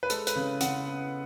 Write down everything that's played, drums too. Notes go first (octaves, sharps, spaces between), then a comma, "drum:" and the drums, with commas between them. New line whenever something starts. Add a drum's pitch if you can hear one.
B4
G#3 A4, drum: hi-hat
B4, drum: hi-hat
C#3
C#3 F#5, drum: hi-hat
B3